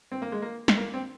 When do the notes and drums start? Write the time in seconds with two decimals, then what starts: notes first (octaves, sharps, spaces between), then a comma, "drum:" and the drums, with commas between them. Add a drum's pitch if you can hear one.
0.12 C4
0.22 A#3
0.32 G#3
0.42 A#3
0.68 drum: snare
0.77 A#3
0.94 C4